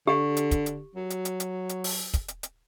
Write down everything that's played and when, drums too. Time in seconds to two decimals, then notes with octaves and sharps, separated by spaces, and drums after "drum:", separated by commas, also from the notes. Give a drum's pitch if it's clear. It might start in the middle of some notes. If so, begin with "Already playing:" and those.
0.07 D3 G4
0.37 drum: hi-hat
0.51 drum: kick, hi-hat
0.66 drum: hi-hat
0.96 F#3
1.10 drum: hi-hat
1.25 drum: hi-hat
1.40 drum: hi-hat
1.69 drum: hi-hat
1.84 drum: open hi-hat
2.14 drum: kick, hi-hat
2.28 drum: hi-hat
2.43 drum: hi-hat